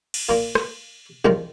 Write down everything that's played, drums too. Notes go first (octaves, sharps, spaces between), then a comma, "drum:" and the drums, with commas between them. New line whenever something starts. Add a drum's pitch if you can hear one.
drum: cymbal
A#2 A#3 F4
drum: rim click
C2 C3 D#3 G#3 F4, drum: tom